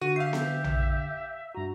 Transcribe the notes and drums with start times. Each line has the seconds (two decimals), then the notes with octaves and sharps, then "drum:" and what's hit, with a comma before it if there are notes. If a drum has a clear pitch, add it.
0.01 D3 F#4 D#7
0.16 G4 E5 F5 C7
0.33 drum: snare B3
0.64 drum: tom A#1
1.55 G2 F#4 A#5